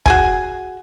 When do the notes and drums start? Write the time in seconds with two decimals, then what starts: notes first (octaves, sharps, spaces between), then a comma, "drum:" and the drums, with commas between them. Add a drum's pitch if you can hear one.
0.06 F#4 G#4 G#5, drum: kick